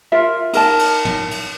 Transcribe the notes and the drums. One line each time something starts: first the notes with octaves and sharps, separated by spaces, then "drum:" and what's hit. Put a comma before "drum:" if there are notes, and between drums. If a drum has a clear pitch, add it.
F4 A#4 E5
D#4 A#4 D#5 A5, drum: cymbal
drum: cymbal
drum: tom
drum: cymbal